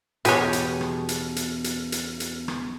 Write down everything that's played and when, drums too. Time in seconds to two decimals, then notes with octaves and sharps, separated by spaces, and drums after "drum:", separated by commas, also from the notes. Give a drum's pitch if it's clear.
0.25 E2 B2 B3 G4 G#4 C#5 G#5, drum: hi-hat
0.53 drum: hi-hat
0.81 drum: rim click
1.09 drum: hi-hat
1.36 drum: hi-hat
1.64 drum: hi-hat
1.92 drum: hi-hat
2.20 drum: hi-hat
2.48 drum: rim click